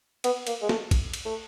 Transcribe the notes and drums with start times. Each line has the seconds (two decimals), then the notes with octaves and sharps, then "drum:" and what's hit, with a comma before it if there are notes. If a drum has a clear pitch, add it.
0.24 B3, drum: cymbal
0.47 A#3, drum: cymbal
0.62 G#3
0.69 A3, drum: snare A#3
0.91 drum: kick, cymbal
1.13 drum: cymbal
1.25 A3